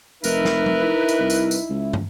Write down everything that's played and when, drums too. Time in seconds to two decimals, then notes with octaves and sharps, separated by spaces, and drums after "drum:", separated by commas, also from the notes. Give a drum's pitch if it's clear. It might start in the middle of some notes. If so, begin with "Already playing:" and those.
0.24 F1 D#4 A#4 B4 E5, drum: tambourine
0.45 drum: snare
0.66 drum: tom
0.82 E4
1.09 drum: tambourine
1.20 C2
1.30 drum: tambourine
1.51 drum: tambourine
1.69 C#2
1.93 drum: tom